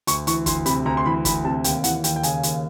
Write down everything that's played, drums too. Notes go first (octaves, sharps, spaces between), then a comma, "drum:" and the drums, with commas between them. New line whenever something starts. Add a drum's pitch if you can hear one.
D2 C#6, drum: hi-hat
E3 C#6, drum: hi-hat
D2 C6, drum: kick, hi-hat
C3 B5, drum: hi-hat
D2 A#5
C6
E3 B5
D2 B5, drum: kick, hi-hat
C3 A5
D#2 G5, drum: hi-hat
E3 F#5, drum: hi-hat
D#2 G5, drum: hi-hat
G5
C#3 G#5, drum: hi-hat
D#2, drum: hi-hat